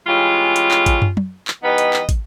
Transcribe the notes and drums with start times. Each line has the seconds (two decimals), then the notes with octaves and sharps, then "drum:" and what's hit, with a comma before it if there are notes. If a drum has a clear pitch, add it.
0.06 E3 G3 G#3 C#4 F4
0.56 drum: hi-hat
0.71 drum: clap
0.86 drum: kick, hi-hat
1.02 drum: tom
1.17 drum: tom F#3
1.48 drum: clap
1.63 E3 G3 B3 D#4 B4 D#5
1.78 drum: hi-hat
1.93 drum: clap
2.09 drum: kick, hi-hat